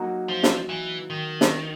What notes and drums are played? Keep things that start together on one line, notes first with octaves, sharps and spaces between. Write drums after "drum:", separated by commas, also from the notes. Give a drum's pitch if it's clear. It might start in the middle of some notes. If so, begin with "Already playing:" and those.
Already playing: F#3 A#3 D#4 F#4
F3
drum: snare
E3
D#3
drum: snare